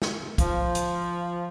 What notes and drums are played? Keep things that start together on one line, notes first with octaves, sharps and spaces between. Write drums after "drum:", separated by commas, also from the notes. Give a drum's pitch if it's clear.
drum: snare
F3, drum: kick, hi-hat
drum: hi-hat